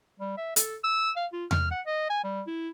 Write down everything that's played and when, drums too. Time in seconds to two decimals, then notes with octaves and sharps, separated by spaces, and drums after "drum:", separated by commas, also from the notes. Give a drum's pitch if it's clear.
0.20 G3
0.37 E5
0.56 A4, drum: hi-hat
0.84 E6
1.16 F5
1.33 F4
1.51 F6, drum: tom E2
1.71 F#5
1.86 D#5
2.10 G#5
2.24 G3
2.47 E4